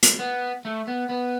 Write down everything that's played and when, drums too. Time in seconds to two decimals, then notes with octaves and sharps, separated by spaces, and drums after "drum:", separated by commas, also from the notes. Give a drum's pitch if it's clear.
0.03 drum: hi-hat
0.19 B3
0.65 A3
0.88 B3
1.10 B3